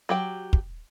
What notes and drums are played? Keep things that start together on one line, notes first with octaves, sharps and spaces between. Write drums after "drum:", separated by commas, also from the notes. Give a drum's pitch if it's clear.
F#3 G4 G5
drum: kick